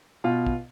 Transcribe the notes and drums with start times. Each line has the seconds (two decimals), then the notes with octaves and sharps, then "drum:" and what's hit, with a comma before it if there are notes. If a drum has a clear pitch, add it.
0.24 B2 B3 F4
0.46 drum: kick